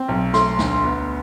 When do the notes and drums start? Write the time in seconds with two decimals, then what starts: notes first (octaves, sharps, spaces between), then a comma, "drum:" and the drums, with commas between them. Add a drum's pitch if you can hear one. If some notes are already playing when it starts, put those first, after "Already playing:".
Already playing: C4
0.08 B1
0.34 A3 C6, drum: snare
0.59 D2, drum: snare
0.84 B3